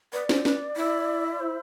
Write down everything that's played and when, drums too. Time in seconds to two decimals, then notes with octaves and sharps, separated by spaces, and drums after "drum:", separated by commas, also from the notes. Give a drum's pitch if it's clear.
0.13 B4 D5
0.29 C5, drum: snare
0.45 B4, drum: snare
0.76 E4
1.25 E5
1.32 D5
1.40 C5